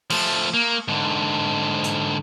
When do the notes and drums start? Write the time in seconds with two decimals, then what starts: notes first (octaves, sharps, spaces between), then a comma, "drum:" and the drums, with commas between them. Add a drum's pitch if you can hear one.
0.10 F3 A3, drum: cymbal
0.54 A#3
0.88 G#2 D3
1.84 drum: hi-hat